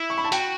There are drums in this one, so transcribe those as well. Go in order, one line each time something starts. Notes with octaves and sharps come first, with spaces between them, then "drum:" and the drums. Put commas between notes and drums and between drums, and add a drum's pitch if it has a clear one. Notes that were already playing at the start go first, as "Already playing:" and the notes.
Already playing: E4
C#6
B5
A5
F#4 G5, drum: hi-hat